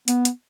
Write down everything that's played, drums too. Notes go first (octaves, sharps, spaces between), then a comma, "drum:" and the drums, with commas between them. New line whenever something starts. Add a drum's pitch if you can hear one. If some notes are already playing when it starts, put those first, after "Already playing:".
B3, drum: hi-hat
drum: hi-hat